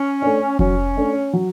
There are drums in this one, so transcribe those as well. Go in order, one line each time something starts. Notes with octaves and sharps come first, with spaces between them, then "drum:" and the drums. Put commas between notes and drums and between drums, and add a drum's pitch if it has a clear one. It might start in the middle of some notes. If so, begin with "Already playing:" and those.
Already playing: C#4
A3 D4
F#3 C#4, drum: kick F1
A3 D4
F#3